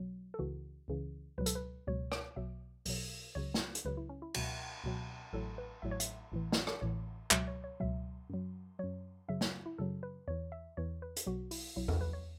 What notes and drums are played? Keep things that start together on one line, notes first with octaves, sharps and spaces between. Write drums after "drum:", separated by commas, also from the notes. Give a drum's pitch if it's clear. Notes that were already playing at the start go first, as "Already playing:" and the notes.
Already playing: B1 B2 F#3
A4
C#2 C#3 E3 F#4
C#2 C#3 E3
C#2 B2 F#3 B4
A4, drum: hi-hat
B4
C#2 B2 F#3 C#5
C#5, drum: rim click
B1 B2 F#3 E5
B1 B2 F#3, drum: open hi-hat
C#2 C#3 F#3 C#5
drum: snare
drum: hi-hat
C#2 C#3 F#3 B4
E4
C#4
E4
C#2 B2 F#3 F#4, drum: cymbal
C#2 B2 F#3
A1 A2 F#3 A4
B4
A1 A2 F#3 E5
C#5
E5, drum: hi-hat
A1 A2 E3
drum: snare
drum: rim click
A1 A2 E3 C#5
C#2 B2 F#3 E5, drum: clap
C#5
C#5
C#2 B2 F#3 E5
F#2 F#3
F#2 F#3 C#5
F#2 C#3 F#3 E5
C#5, drum: snare
E4
F#2 C#3 F#3 A4
B4
E2 E3 C#5
E5
E2 E3 C#5
B4
drum: hi-hat
B1 B2 F#3 F#4
E4, drum: open hi-hat
B1 B2 F#3 E4
A4, drum: tom E2
B4
C#5